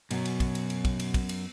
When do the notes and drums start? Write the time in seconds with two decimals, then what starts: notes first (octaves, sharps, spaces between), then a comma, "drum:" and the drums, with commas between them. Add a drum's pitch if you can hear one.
0.11 F#2 B2 F#3, drum: cymbal
0.25 drum: cymbal
0.40 drum: kick, cymbal
0.55 drum: cymbal
0.70 drum: cymbal
0.85 drum: kick, cymbal
1.00 drum: cymbal
1.14 drum: kick, cymbal
1.29 drum: cymbal